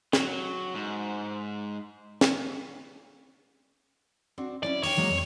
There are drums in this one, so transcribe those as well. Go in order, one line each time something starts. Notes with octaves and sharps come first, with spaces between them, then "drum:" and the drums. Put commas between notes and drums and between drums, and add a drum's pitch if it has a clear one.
F#3, drum: snare
G#2
drum: snare
C4 D4 F#4
C#4 E4 C#5 D5
D4 A#4 C#5 G5, drum: open hi-hat
F#3 G#3 A#3
F2